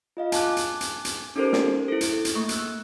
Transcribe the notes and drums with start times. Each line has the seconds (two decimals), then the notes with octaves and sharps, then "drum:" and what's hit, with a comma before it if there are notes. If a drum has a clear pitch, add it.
0.17 F4 D#5 F5
0.32 G#5 A5 D6 F#6, drum: hi-hat
0.57 drum: hi-hat
0.81 drum: hi-hat
1.05 drum: hi-hat
1.36 C#4 D#4 G4 A4 A#4 C5
1.53 drum: snare
1.88 E4 A4
2.01 drum: hi-hat
2.25 drum: hi-hat
2.35 A3 A#3 C#6
2.49 E6 F#6, drum: hi-hat